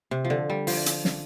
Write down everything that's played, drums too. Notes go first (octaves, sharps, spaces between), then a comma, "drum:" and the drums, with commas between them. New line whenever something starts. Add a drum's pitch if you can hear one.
C3
F3
D3
G3
F3, drum: open hi-hat
drum: hi-hat
drum: snare